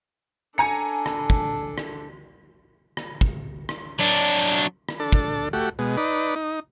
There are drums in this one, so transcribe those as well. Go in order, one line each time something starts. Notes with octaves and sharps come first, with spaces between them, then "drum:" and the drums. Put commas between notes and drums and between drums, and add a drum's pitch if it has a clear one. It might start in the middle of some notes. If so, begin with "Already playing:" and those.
D4 A4 G#5 A#5 C#7
drum: rim click
drum: kick
drum: rim click
drum: rim click
drum: kick
drum: rim click
F#3 D4
drum: rim click
D4 A4
drum: kick
A3 F#4 G4
B2 G#3
D#4 B4 D5
D#4